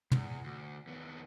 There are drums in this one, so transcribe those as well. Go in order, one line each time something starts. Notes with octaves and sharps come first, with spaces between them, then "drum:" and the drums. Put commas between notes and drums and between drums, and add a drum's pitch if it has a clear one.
E2, drum: tom
D2
D#2 B3